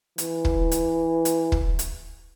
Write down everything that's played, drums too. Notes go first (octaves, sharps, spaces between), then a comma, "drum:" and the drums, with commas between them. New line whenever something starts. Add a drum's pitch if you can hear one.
E3, drum: hi-hat
drum: kick
drum: hi-hat
drum: hi-hat
drum: kick
drum: hi-hat